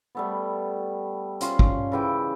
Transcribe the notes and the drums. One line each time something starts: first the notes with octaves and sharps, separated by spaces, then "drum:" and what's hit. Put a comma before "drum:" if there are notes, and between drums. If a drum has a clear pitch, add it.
G3 A3 B3
C#4 F4 C6 C#6, drum: hi-hat
drum: kick
C#3 E3 G5